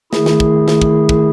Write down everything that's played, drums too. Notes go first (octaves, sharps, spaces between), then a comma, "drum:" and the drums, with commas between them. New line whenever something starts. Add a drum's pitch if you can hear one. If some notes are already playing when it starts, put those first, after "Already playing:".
D#3 A3 E4 G#4, drum: snare
drum: snare
drum: kick
drum: snare
drum: kick
drum: kick